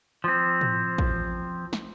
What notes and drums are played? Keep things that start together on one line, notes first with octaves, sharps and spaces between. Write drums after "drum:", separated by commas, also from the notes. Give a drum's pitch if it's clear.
F3 C4
drum: tom A2
drum: kick
drum: snare